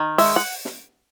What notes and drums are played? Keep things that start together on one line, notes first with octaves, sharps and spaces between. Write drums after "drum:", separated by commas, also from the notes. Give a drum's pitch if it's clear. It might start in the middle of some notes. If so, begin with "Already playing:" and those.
Already playing: D#3
G#3 E5, drum: open hi-hat
F#5
drum: snare